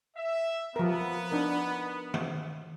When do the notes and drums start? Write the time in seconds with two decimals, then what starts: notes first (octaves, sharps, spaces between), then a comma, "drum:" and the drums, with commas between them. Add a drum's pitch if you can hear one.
0.17 E5
0.76 F3 B3 A#4
1.31 D4 D#4 A#4
2.14 drum: tom D#3